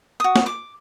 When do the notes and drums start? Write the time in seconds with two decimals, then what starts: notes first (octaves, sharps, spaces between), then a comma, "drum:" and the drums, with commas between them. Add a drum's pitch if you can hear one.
0.20 F#4 D#6
0.36 drum: snare
0.46 D6